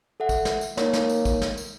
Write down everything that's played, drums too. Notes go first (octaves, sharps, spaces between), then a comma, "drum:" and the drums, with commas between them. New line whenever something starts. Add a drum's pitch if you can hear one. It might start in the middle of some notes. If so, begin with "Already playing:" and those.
A4 E5 F#5
drum: kick, tambourine
drum: snare
drum: tambourine
A#3 D#4 C#5, drum: snare
drum: snare
drum: tambourine
drum: kick, tambourine
drum: snare
drum: tambourine